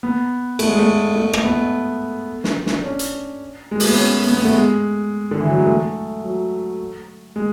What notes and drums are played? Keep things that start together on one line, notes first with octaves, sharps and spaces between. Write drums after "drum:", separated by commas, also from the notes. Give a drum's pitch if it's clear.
B3
A3, drum: cymbal
G#3
A3
A3
A3, drum: rim click
B3
drum: snare
drum: snare
D4
C#4
drum: hi-hat
G#3
A3, drum: open hi-hat
B3
C#4
B3
B3
A3
G#3
D3
E3
F#3
G#3
A3
F#3
G#3